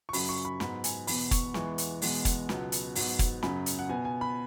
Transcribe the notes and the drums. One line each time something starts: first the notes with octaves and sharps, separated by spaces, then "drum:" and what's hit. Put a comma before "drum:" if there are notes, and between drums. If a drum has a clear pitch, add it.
C#6
F#2 C#3 F#3 B5, drum: open hi-hat
C#6
B5
G#2 F#3 B3 B5, drum: snare
G#5, drum: hi-hat
E2 B2 B3 B5, drum: open hi-hat
C#6, drum: kick, hi-hat
E2 E3 G#3 B3 C#6, drum: snare
drum: hi-hat
E2 B2 G#3 B3, drum: open hi-hat
drum: kick, hi-hat
C#2 B2 F#3 B3, drum: snare
drum: hi-hat
G#2 F#3 B3, drum: open hi-hat
drum: kick, hi-hat
F#2 C#3 F#3 B5, drum: snare
drum: hi-hat
F#5
B2 B3 G#5
G#5
B5